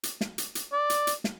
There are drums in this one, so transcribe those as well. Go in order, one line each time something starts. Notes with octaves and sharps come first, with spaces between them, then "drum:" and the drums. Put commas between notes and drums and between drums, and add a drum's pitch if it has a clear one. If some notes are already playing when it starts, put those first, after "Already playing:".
drum: hi-hat
drum: snare
drum: hi-hat
drum: hi-hat
D5
drum: hi-hat
drum: hi-hat
drum: snare